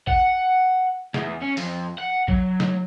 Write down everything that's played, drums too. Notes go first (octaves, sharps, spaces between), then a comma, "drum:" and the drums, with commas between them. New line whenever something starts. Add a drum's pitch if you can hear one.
F#5, drum: kick
E2, drum: snare
C#4
F2, drum: open hi-hat
F#5
F#3, drum: kick
drum: snare